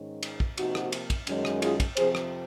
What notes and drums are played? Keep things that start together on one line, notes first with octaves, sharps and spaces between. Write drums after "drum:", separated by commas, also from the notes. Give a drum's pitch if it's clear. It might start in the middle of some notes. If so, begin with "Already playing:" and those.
Already playing: G#2 D#3 G#3 C#4
drum: cymbal
drum: kick
C3 F3 A#3 D#4 F#4, drum: cymbal
drum: rim click
drum: cymbal
drum: kick, cymbal
F#2 D#3 G#3 C#4, drum: cymbal
drum: rim click
F4 G#4, drum: cymbal
drum: kick, cymbal
F2 C3 F3 C4 G#4 C5, drum: cymbal
drum: rim click